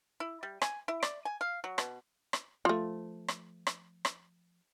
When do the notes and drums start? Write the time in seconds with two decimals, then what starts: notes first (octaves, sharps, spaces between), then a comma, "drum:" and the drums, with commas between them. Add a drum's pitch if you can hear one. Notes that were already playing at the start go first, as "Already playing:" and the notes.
0.20 E4
0.43 G3
0.62 G#5, drum: rim click
0.88 E4
1.03 D5, drum: rim click
1.25 G#5
1.41 F5
1.64 F#3
1.78 B2, drum: rim click
2.33 drum: rim click
2.65 F3 A3
3.28 drum: rim click
3.67 drum: rim click
4.05 drum: rim click